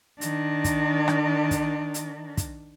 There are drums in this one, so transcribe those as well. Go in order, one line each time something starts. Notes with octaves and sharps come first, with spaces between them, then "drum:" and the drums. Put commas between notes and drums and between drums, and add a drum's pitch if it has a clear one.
D#3 D4, drum: hi-hat
drum: kick, hi-hat
drum: rim click
drum: kick, hi-hat
drum: hi-hat
drum: kick, hi-hat